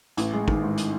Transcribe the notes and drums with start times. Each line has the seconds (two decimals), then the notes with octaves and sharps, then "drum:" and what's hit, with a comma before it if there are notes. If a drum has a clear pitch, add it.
0.17 A1, drum: hi-hat
0.33 G#3
0.48 D#3, drum: kick
0.63 G#2
0.77 drum: hi-hat